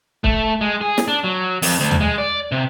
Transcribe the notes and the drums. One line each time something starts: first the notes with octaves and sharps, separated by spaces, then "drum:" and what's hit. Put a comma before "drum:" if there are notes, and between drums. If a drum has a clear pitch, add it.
A3, drum: kick C#1
G#3
G#4
drum: snare
D4
F#3
F2, drum: open hi-hat
D2
drum: tom D#2
G#3
D5
C3